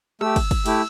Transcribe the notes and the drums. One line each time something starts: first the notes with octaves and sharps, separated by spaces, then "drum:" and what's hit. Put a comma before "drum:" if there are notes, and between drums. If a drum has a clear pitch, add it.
A3 G4 E6, drum: rim click
drum: kick, cymbal
drum: kick, cymbal
A3 E4 G4, drum: cymbal